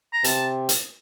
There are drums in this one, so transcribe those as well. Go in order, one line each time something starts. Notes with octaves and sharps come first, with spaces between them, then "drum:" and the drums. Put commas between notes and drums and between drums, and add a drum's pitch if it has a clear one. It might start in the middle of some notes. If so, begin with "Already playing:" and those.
A#5
C3 A5, drum: hi-hat
drum: hi-hat